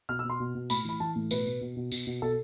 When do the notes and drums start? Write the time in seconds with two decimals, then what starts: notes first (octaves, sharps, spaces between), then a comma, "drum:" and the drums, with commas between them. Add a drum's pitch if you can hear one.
0.09 B2 F6
0.19 E6
0.24 B2
0.30 C6
0.40 B2
0.55 B2
0.70 A2 B5, drum: tambourine
0.85 E3 B5
1.00 E3 A5
1.16 A2
1.31 B2 B4, drum: tambourine
1.46 B2
1.61 B2
1.77 B2
1.92 B2, drum: tambourine
2.07 B2
2.22 B2 A4